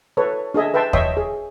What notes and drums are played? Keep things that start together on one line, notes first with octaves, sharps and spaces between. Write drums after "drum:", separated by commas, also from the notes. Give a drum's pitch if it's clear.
A4 B4 C#5
D4 G#4 A4 D#5 E5 G#5
B4 E5 G5 A5 C6
C#5 D#5 E5 G5 C6 D#6, drum: kick
G#4